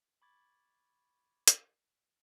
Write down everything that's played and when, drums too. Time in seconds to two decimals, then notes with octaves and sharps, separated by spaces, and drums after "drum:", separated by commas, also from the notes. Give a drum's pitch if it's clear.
0.22 B5 C#6 D6 G#6 A6
1.48 drum: hi-hat